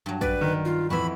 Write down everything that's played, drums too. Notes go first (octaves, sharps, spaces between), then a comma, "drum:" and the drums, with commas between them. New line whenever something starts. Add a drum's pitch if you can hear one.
G2 F#3
B4 D5, drum: kick
D#3
F4
F2 E3 F#4 E5 B5